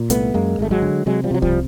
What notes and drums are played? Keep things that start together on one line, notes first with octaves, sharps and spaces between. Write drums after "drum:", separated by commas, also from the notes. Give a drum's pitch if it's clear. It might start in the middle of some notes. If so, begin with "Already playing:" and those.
Already playing: A#2
C2 A3 B3, drum: hi-hat
F#2 G#3 A#3
G#1 A3
F#3 G#3
D3
C3 F#3 G#3
F3 G3
C3 F#3
F3 G3, drum: kick C2